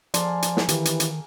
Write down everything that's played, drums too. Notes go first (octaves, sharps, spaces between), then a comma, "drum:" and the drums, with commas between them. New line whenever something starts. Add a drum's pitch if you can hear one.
F3 A#3 G#4 A4 D5 A5 C6, drum: hi-hat
drum: hi-hat
drum: snare
D#3 E3 G4, drum: hi-hat
drum: hi-hat
drum: hi-hat